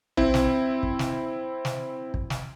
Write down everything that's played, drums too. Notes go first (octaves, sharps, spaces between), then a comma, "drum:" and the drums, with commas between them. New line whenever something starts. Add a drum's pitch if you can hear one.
C4 E4, drum: tom B1
drum: snare
drum: kick
drum: snare
drum: snare
drum: kick
drum: snare